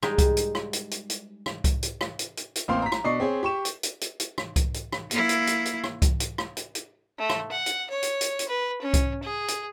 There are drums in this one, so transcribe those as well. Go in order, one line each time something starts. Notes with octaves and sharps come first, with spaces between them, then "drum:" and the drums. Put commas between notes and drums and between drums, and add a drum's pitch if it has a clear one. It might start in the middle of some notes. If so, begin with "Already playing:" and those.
G3 G#3 D#4 G5, drum: rim click
drum: kick C2, hi-hat
drum: hi-hat
drum: rim click
drum: hi-hat
drum: hi-hat
drum: hi-hat
drum: rim click
drum: kick C2, hi-hat
drum: hi-hat
drum: rim click
drum: hi-hat
drum: hi-hat
drum: hi-hat
A1 A#3 C4 F5 C6
A#5 B6
drum: rim click
B2 D4 D#5 C#6 C7
C4 G#4 C#5
G4 C#6 E7
drum: hi-hat
drum: hi-hat
drum: hi-hat
drum: hi-hat
drum: rim click
drum: kick C2, hi-hat
drum: hi-hat
drum: rim click
A#3 E4, drum: hi-hat
drum: hi-hat
drum: hi-hat
drum: hi-hat
drum: rim click
drum: kick C2, hi-hat
drum: hi-hat
drum: rim click
drum: hi-hat
drum: hi-hat
A3
drum: rim click
F#5
drum: hi-hat
C#5
drum: hi-hat
drum: hi-hat
drum: hi-hat
B4
C#4
drum: kick C2, hi-hat
G#4
drum: hi-hat